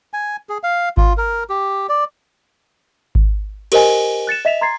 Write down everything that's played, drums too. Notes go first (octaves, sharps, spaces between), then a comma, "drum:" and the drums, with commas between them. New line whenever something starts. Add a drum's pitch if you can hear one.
G#5
G#4
F5
F4, drum: kick G#1
A#4
G4
D5
drum: kick G#1
G4 A#4 C5 D#5 G#5, drum: cymbal
F#6 A6 C#7 E7
D#5 E5 B6 E7 F7
A#5 C6 G#6 A6 C7